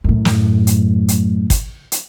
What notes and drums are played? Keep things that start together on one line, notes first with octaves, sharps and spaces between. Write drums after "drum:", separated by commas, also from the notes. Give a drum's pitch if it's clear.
F#2 A2
drum: snare
drum: hi-hat
drum: hi-hat
drum: kick, hi-hat
drum: hi-hat